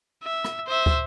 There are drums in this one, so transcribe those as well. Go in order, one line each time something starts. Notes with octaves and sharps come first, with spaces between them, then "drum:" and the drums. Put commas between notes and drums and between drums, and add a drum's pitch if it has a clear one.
E5
drum: rim click
C5 E5
drum: kick